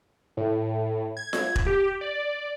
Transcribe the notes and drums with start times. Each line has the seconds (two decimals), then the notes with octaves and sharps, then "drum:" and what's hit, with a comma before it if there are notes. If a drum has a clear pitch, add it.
0.37 A2
1.17 G#6
1.33 drum: snare F4
1.56 drum: kick E1
1.66 G4
2.01 D5